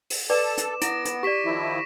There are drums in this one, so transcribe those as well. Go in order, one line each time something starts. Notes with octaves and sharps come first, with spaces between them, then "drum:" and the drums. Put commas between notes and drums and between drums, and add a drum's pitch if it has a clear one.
drum: open hi-hat
A4 B4 D5 D6 E7
drum: hi-hat
B3 E4 A#6 D7, drum: hi-hat
drum: hi-hat
G4 D5 C#6 B6 E7
D#3 F3 E4